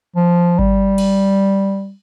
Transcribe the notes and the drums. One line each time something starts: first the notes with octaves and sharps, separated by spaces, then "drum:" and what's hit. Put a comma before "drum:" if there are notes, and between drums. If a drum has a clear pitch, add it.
F3
G3, drum: kick G1
drum: cymbal